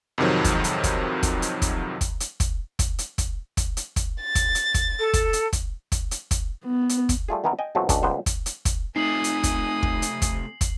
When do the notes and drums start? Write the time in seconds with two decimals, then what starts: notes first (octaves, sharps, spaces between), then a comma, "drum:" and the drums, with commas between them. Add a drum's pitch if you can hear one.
0.18 F2 G#2 C3 D#3 F3 F#3
0.44 drum: kick, hi-hat
0.64 drum: hi-hat
0.84 drum: kick, hi-hat
1.23 drum: kick, hi-hat
1.42 drum: hi-hat
1.62 drum: kick, hi-hat
2.01 drum: kick, hi-hat
2.20 drum: hi-hat
2.40 drum: kick, hi-hat
2.79 drum: kick, hi-hat
2.99 drum: hi-hat
3.18 drum: kick, hi-hat
3.57 drum: kick, hi-hat
3.77 drum: hi-hat
3.96 drum: kick, hi-hat
4.21 A6
4.35 drum: kick, hi-hat
4.55 drum: hi-hat
4.74 drum: kick, hi-hat
4.99 A4
5.14 drum: kick, hi-hat
5.33 drum: hi-hat
5.53 drum: kick, hi-hat
5.92 drum: kick, hi-hat
6.11 drum: hi-hat
6.31 drum: kick, hi-hat
6.65 B3
6.89 drum: hi-hat
7.09 drum: kick, hi-hat
7.28 G3 A3 F4 G#4
7.44 D#3 E3 B3 D#4 A#4
7.59 D#5 G5 G#5
7.75 C2 F#2 B2 F3 F#3 A3
7.89 C#2 C#4 D4 G#4 D#5 A5, drum: kick, hi-hat
8.03 C#2 G3 A#3 B3 C5 F#5
8.26 drum: kick, hi-hat
8.46 drum: hi-hat
8.65 drum: kick, hi-hat
8.96 C3 A3 D#4 G#5 D#6 C7 F#7
9.24 drum: hi-hat
9.43 drum: kick, hi-hat
9.83 drum: kick
10.02 drum: hi-hat
10.22 drum: kick, hi-hat
10.61 drum: kick, hi-hat